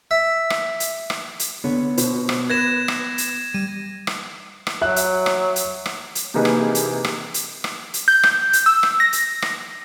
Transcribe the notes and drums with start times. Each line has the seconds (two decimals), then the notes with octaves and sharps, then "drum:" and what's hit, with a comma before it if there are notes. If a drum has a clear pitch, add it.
0.11 E5
0.50 drum: rim click
0.80 drum: hi-hat
1.10 drum: rim click
1.39 drum: hi-hat
1.64 D3 B3 C#5
1.97 B2 C5, drum: hi-hat
2.29 drum: rim click
2.50 B4 G#6 A#6 E7
2.88 drum: rim click
3.18 drum: hi-hat
3.54 G3 D#7
4.07 drum: rim click
4.67 drum: rim click
4.81 F#3 E5 F#6
4.96 drum: hi-hat
5.26 drum: rim click
5.56 drum: hi-hat
5.86 drum: rim click
6.15 drum: hi-hat
6.34 C3 E3 A#3 D#4 G#4 B4
6.45 drum: rim click
6.75 drum: hi-hat
7.04 drum: rim click
7.34 drum: hi-hat
7.64 drum: rim click
7.94 drum: hi-hat
8.08 G6
8.23 drum: rim click
8.53 drum: hi-hat
8.66 E6
8.83 drum: rim click
9.00 A#6
9.13 drum: hi-hat
9.42 drum: rim click